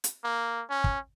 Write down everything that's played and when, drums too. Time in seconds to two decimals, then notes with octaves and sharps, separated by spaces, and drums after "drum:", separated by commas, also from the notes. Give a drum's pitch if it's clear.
0.04 drum: hi-hat
0.24 A#3
0.70 C#4
0.84 drum: kick